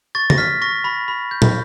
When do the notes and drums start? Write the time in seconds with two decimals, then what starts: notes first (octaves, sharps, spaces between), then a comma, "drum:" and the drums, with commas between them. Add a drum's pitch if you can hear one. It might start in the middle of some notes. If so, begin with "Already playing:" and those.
0.15 C#6 A6
0.30 A#6, drum: tom
0.38 F6 B6
0.62 C#6 A#6
0.84 B5 A#6
1.08 B5
1.31 G6
1.42 drum: tom